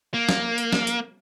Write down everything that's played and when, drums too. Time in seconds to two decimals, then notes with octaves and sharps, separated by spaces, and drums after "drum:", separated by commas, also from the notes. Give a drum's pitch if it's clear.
0.14 A#3
0.29 drum: snare
0.58 drum: hi-hat
0.73 drum: snare
0.87 drum: hi-hat